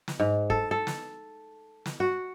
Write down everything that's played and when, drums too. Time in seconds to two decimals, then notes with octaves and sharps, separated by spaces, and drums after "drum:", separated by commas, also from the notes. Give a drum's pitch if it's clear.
0.08 drum: snare
0.20 G#2
0.50 A4, drum: kick
0.71 A4
0.87 drum: snare
1.86 drum: snare
2.00 F#4